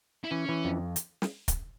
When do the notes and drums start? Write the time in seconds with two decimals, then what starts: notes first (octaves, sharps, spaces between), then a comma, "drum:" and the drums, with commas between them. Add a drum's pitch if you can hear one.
0.24 E4
0.31 E3 C#4
0.49 E3
0.65 F2
0.96 drum: hi-hat
1.22 drum: snare
1.48 drum: kick, hi-hat